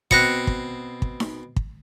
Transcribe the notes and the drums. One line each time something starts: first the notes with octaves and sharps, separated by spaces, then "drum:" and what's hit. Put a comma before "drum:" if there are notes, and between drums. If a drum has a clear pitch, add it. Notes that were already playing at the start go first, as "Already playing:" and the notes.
B2 C4 F#6 A#6 C#7, drum: kick
drum: kick
drum: kick
drum: snare D#4
drum: kick